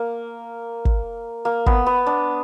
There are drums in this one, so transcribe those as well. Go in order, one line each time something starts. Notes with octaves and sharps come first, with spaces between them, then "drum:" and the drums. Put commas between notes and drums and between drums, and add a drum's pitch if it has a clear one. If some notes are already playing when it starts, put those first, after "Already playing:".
Already playing: A#3
drum: kick
A#3
B3, drum: kick
B3
D4